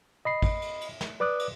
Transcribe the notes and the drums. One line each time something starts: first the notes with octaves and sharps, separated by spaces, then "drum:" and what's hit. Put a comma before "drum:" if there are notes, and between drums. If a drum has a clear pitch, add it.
D#5 B5 C7
drum: kick, cymbal
drum: cymbal
drum: cymbal
drum: snare
B4 D5 D6 D#6 F#6
drum: cymbal